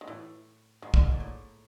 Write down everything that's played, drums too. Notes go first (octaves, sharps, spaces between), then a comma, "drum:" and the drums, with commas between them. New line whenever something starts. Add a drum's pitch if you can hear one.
D#3
A2 E3
G#2 D#3
D3, drum: kick
D#3
A#2
A2